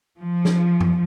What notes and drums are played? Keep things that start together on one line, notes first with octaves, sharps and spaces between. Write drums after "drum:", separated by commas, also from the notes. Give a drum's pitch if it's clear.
F3
drum: snare
drum: tom F#2